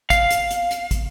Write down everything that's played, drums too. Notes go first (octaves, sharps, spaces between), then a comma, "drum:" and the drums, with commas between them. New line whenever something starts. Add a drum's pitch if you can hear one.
F5, drum: kick, hi-hat
drum: hi-hat
drum: hi-hat
drum: hi-hat
drum: kick, hi-hat